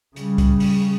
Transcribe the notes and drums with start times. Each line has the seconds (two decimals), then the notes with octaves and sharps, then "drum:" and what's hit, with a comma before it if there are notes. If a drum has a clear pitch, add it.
0.16 C#3 G3, drum: hi-hat
0.38 drum: kick, hi-hat
0.60 drum: open hi-hat